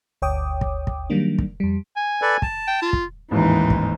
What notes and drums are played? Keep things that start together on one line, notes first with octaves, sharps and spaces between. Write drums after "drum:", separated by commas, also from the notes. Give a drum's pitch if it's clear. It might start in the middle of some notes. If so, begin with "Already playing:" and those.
G1 D2 C#5 G5 D6 D#6
drum: kick
drum: kick
D#3 F#3 G3 A#3 D4
drum: kick
F2 G3
G#5
A4 B4 D5
A5, drum: kick
G5
F4
drum: kick
A1 D#2 G#2 E3 D#4
drum: kick